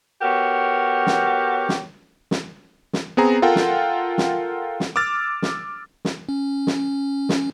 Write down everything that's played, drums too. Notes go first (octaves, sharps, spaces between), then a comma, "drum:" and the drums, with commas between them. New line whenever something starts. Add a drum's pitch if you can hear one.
B3 F#4 G4 A#4 C#5
drum: snare
drum: snare
drum: snare
drum: snare
B3 C4 G#4 A#5
F4 A4 A#4 F#5 G5
drum: snare
drum: snare
drum: snare
D6 E6 F6 A6
drum: snare
drum: snare
C#4
drum: snare
drum: snare